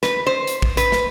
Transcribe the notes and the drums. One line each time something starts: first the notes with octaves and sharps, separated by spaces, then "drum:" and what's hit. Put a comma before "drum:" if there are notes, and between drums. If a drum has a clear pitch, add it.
B4, drum: snare
C5
drum: hi-hat
drum: kick
B4, drum: hi-hat
drum: snare